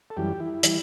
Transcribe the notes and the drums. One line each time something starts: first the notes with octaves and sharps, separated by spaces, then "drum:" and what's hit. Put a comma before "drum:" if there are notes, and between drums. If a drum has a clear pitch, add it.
A4
F#2 E3 G3 G4
E4
E3 G3, drum: hi-hat